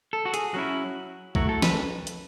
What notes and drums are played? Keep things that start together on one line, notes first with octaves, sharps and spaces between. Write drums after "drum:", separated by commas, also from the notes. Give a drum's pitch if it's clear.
A4
F#4
G#4, drum: hi-hat
F#3 C#4 E4 F#4
F#3 A3 E4 F#4, drum: kick
A4
B4, drum: snare
drum: hi-hat